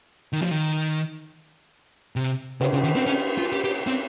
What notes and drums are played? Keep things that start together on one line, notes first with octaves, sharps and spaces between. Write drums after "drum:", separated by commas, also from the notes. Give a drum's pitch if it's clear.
D#3
F3, drum: snare
D#3
C3
C#3, drum: cymbal
C#3
D#3
C4
C#4
F4
G4
G4
C4